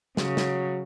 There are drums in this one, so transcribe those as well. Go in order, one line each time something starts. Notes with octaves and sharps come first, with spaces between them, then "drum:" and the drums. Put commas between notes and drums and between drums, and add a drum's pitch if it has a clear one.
C#3 F#3, drum: snare
drum: snare